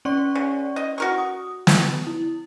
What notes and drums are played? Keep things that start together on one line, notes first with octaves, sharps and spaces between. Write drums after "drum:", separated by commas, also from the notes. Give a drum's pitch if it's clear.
C#4 D5 C#6
C#3
D#5
F#4 A#4 C#6
D#6
drum: snare
E4